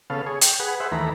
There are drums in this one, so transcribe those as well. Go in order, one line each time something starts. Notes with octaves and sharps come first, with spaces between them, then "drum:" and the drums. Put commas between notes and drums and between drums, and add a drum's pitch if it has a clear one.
C#3 B3 A4 F5
G#4 C#5
G5, drum: hi-hat
G#4 B4 F#5
G#4 B4 C5 E5 F#5
D#2 E3 A3 A#5 B5